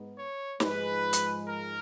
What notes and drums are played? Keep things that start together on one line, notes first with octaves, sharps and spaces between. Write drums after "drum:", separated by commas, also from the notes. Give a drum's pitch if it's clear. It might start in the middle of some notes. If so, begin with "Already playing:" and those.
Already playing: G#2 G#3 B3 D#4
C#5
G#2 F3 G#3 B4, drum: snare
drum: hi-hat
A#4